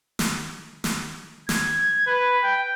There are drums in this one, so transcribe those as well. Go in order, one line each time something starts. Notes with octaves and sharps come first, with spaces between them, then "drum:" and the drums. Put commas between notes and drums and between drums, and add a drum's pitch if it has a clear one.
drum: snare
drum: snare
G#6, drum: snare
B4
G5